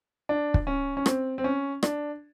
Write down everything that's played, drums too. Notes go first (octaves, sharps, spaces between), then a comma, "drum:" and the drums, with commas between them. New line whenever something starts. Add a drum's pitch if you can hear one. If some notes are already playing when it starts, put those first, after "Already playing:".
D4
drum: kick
C#4
C#4
C4, drum: rim click
C4
C#4
D4, drum: rim click